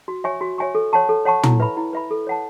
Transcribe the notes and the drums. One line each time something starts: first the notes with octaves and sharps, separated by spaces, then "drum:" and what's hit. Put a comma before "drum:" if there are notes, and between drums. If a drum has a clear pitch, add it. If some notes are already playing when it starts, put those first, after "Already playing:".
F#4
C#5 E5 G#5 C#6
F#4
C#5 E5 G#5 C#6
A4
C#5 F#5 A5 C#6
A4
C#5 F#5 A5 C#6
E4, drum: tom
B4 E5 B5
E4
B4 E5 B5
A4
C#5 F#5 A5